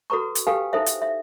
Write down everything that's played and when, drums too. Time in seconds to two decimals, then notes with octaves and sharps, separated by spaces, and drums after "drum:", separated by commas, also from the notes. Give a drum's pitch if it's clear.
0.10 F#4 A4 B4 A#5 C#6
0.35 drum: hi-hat
0.47 G4 A4 B4 F5 G5 G#5
0.73 D#4 E4 A4 C5 E5
0.86 drum: hi-hat
1.02 E5